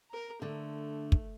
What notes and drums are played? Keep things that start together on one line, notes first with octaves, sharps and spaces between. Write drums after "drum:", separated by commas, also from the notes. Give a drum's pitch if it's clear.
A#4 A#5
D3 A3
drum: kick